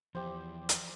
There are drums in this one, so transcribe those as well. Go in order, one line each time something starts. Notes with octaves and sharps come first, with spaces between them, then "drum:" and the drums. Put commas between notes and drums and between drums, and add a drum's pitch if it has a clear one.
E2 F3 G4 C5
drum: hi-hat